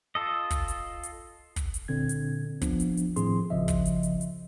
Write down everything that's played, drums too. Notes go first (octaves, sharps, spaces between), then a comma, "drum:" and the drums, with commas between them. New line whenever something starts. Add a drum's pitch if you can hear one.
F4 A4 D#5
drum: kick, hi-hat
drum: hi-hat
drum: hi-hat
drum: kick, hi-hat
drum: hi-hat
A#2 D3 C4 G#6
drum: hi-hat
F3 B3 D4, drum: kick, hi-hat
drum: hi-hat
drum: hi-hat
A2 D#3 F3 C4 G#4 C6, drum: hi-hat
G#1 C#3 F3 D#5 E5
drum: kick, hi-hat
drum: hi-hat
drum: hi-hat
drum: hi-hat